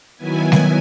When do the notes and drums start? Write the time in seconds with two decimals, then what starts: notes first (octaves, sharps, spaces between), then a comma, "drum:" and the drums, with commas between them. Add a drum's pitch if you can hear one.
0.17 D#3 F#3 B3 E4 G#5
0.52 drum: snare G3